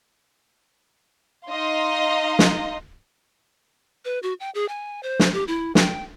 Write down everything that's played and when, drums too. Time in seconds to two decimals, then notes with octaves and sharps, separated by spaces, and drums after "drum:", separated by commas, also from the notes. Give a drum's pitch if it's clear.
1.48 D#4 D#5 F5 C6
2.39 drum: snare
4.05 B4
4.23 F#4
4.40 G5
4.55 G#4
4.69 G#5
5.03 C5
5.19 drum: snare
5.33 G4
5.48 E4
5.75 G5, drum: snare